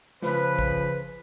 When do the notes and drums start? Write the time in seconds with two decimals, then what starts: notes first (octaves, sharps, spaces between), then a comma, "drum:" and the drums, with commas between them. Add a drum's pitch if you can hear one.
0.22 C#3 F3 B4, drum: snare
0.59 drum: kick